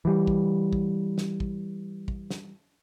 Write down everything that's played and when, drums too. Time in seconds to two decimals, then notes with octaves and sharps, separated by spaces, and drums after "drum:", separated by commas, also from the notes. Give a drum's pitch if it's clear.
0.05 E3 G3
0.27 drum: kick
0.73 drum: kick
1.18 drum: snare
1.40 drum: kick
2.08 drum: kick
2.30 drum: snare